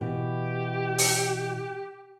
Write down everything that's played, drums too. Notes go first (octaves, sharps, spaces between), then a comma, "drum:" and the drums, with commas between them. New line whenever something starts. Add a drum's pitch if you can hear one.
B2 E3 G4
drum: open hi-hat